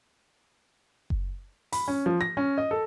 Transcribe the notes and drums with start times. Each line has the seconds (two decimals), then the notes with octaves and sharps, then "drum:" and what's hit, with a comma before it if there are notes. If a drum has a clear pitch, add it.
1.10 drum: kick F#1
1.73 B5, drum: open hi-hat
1.88 C#4
2.06 F3
2.21 A#6
2.37 C#4
2.58 D#5
2.71 A4